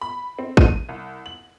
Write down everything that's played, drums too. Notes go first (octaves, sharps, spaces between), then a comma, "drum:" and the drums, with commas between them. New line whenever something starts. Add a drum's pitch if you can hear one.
B5
C4
D#7, drum: kick
C2
F#7